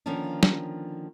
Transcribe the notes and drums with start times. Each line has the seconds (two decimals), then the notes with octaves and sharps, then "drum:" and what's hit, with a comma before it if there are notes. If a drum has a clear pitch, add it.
0.06 D3 D#3 F3 A#3 C#4 D4
0.43 drum: snare